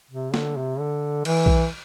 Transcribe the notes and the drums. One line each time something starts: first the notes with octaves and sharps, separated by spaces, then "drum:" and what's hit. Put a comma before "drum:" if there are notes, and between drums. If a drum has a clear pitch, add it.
C3
D3, drum: snare
C3
D3
E3, drum: cymbal
drum: kick B1